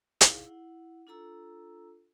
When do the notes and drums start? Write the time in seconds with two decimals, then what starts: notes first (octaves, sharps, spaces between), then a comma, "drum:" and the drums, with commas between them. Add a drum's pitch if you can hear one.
0.21 D#4 E4 G#4 F5, drum: hi-hat
0.46 E4 F#5
1.07 D4 F4 A4 A#5 E6